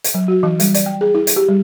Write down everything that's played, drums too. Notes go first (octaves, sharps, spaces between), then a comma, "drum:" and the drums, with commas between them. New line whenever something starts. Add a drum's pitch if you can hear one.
drum: hi-hat
F#3
F#4
E3
G3, drum: hi-hat
D5, drum: hi-hat
G5
G#4
E4
drum: hi-hat
G4
G3